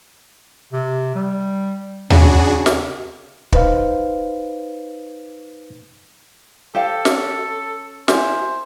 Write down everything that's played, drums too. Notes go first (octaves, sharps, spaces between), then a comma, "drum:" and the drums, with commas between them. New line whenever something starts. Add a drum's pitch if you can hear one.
C3
G3
C#3 C#4 D4 F#4 G#4, drum: tom D#2
drum: snare
D#4 B4 C5 F5, drum: kick
G4 A4 C5 F5
C#4, drum: snare
E4 C5 G#5, drum: snare